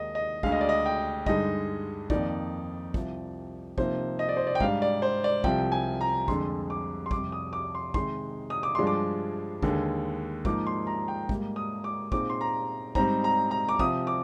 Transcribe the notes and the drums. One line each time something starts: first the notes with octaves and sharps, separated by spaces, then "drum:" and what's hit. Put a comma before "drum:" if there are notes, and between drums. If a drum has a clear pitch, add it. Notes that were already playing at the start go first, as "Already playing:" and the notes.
Already playing: D#2 D#3 G#3 D#4 D#5
D#5
D2 D3 G#3 F5, drum: kick
D#5
D5
D#5
G5
G2 D3 G#3 D#4 D#5, drum: kick
F2 D#3 A#3 D#4 D5, drum: kick
C2 C3 F3, drum: kick
C3 F3 A#3 D#4 C5, drum: kick
D#5
D5
C5
D5
G5
G#2 G3 D4 F5, drum: kick
D5
C5
D5
C2 C3 F3 G5, drum: kick
G#5
A#5
F2 D3 G#3 C6, drum: kick
D6
C6
F2 C3 G3 D6, drum: kick
D#6
D6
C6
C3 D#3 G#3 D#4 C6, drum: kick
D#6
D6
G2 F3 G#3 D4 C6
D6
D#2 D3 G#3, drum: kick
G#2 F3 A#3 D#4 D6, drum: kick
C6
A#5
G5
G#2 G3 A#3, drum: kick
D#6
D6
A#2 G#3 C4 D#4 D6, drum: kick
C6
A#5
G#2 G3 C4 D#4 A#5, drum: kick
A#5
A#5
D6
C3 F3 C4 D#6, drum: kick
D6